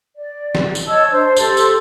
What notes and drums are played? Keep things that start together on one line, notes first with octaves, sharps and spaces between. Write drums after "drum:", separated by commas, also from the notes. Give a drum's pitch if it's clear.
D5
drum: snare
drum: tambourine
C#5 D#5 A5 E6
D4 C5
G4 A4 C6, drum: tambourine
drum: tambourine